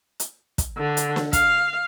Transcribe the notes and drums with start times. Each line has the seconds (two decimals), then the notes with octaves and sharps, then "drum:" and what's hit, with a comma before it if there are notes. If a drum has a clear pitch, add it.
0.20 drum: hi-hat
0.58 drum: kick, hi-hat
0.77 D3
0.97 drum: hi-hat
1.16 drum: snare
1.33 F5, drum: kick, hi-hat